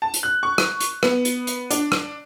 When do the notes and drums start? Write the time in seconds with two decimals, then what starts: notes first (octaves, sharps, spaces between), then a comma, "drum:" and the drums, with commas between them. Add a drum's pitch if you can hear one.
0.02 A5
0.14 drum: hi-hat
0.23 F#6
0.43 C#6
0.58 drum: rim click
0.80 drum: hi-hat
1.03 B3, drum: rim click
1.25 drum: hi-hat
1.47 drum: hi-hat
1.71 D4, drum: hi-hat
1.92 drum: rim click